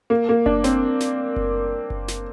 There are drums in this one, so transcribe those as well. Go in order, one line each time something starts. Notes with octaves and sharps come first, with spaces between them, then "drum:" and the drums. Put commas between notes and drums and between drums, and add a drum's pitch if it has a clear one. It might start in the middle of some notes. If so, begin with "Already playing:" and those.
A#3
A#3
D4, drum: kick F#1
C4, drum: snare
drum: snare
drum: kick F#1
drum: kick F#1
drum: snare